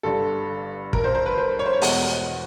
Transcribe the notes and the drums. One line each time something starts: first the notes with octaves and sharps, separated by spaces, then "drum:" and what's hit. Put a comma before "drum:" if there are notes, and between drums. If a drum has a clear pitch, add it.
G1 G2 D3 A4
A#4, drum: kick
C5
C5
B4
C5
C#5
C5
C#5
E2 B2 G#3 F#5, drum: open hi-hat